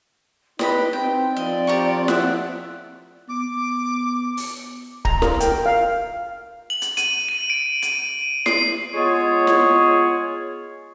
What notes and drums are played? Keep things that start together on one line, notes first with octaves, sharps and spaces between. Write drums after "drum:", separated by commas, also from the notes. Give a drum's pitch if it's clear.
D#4 G4 B4 D#5 B5, drum: snare
C4 G5
F3 C4 D5 D#5
G4 A#4 C#6
E5 F#5, drum: snare
B3 D6
drum: open hi-hat
A#5, drum: kick D1
A#4, drum: snare
G5, drum: hi-hat
A#4
F5
F#7
drum: hi-hat
D#7, drum: hi-hat
D#7
D7
D#7, drum: hi-hat
C7, drum: snare
G#3 B3 F4 G#4 C#5
drum: snare